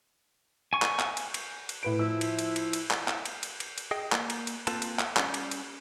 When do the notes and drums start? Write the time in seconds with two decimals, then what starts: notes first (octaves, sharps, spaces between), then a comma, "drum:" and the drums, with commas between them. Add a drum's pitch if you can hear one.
0.73 G#5 C#6
0.82 drum: clap
1.00 drum: clap
1.17 drum: cymbal
1.34 drum: cymbal
1.69 drum: cymbal
1.83 A2 B4 D7
1.99 F3 E4 E6
2.21 drum: cymbal
2.39 drum: cymbal
2.56 drum: cymbal
2.73 drum: cymbal
2.91 drum: clap
3.08 drum: clap
3.25 drum: cymbal
3.43 drum: cymbal
3.60 drum: cymbal
3.78 drum: cymbal
3.91 G#4 D#5 G5
4.12 A#3, drum: clap
4.30 drum: cymbal
4.47 drum: cymbal
4.67 A#3 C4 F4 A4 B4 A5, drum: cymbal
4.82 drum: cymbal
4.99 drum: clap
5.17 G3 C#4, drum: clap
5.34 drum: cymbal
5.51 drum: cymbal